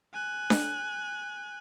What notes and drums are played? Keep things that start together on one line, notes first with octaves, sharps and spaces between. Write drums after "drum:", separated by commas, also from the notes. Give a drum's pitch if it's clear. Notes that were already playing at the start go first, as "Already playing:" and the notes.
G#5 F#6
drum: snare D4